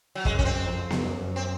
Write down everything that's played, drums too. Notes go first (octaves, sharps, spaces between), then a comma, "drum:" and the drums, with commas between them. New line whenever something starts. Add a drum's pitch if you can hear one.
F#3
F#2 G#3, drum: kick
C#4, drum: kick
C4
F2
drum: snare B3
F#2
C4